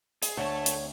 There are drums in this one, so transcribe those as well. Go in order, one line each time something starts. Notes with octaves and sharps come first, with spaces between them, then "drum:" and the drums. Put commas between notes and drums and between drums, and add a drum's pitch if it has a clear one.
G#4, drum: hi-hat
D2 A3 C#5 F#5 A5
drum: hi-hat